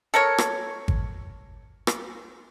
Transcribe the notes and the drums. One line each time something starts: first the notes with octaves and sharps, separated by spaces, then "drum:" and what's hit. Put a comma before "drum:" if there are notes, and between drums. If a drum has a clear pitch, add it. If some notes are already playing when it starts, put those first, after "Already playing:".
A4 A#4 C#5
drum: rim click
drum: kick G#1
drum: rim click